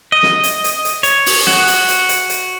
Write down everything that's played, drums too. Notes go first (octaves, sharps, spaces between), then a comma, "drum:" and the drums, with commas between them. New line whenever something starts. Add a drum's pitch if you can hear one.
D#5
drum: snare
drum: hi-hat
drum: hi-hat
drum: hi-hat
C#5, drum: hi-hat
drum: open hi-hat
F#4, drum: snare
drum: hi-hat
drum: hi-hat
drum: hi-hat
drum: hi-hat